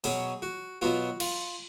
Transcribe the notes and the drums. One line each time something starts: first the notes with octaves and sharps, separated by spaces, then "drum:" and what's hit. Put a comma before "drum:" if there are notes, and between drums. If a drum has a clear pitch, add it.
B2 F#3 C#4 G#4, drum: open hi-hat
F#4
B2 F#3 B3 F4 F#4
F4, drum: cymbal